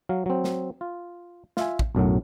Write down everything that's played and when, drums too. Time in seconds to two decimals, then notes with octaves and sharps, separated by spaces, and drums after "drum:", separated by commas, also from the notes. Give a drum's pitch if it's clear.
0.09 F#3 F5
0.26 F#3 C4
0.44 drum: snare
0.81 F4
1.57 F4 E5 G#5, drum: snare
1.79 drum: kick
1.95 B1 F#2 A2 F#3